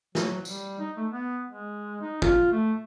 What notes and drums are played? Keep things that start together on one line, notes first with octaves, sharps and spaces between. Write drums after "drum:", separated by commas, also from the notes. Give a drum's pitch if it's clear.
F#3, drum: snare
G3, drum: tambourine
D#4
A3
B3
G#3
D#4
F4, drum: kick
A3